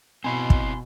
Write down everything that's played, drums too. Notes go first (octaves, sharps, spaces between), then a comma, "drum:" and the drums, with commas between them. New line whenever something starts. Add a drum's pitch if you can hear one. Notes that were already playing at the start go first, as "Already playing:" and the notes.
B2 C4 E4 D#5 G#5 B5 C6
drum: kick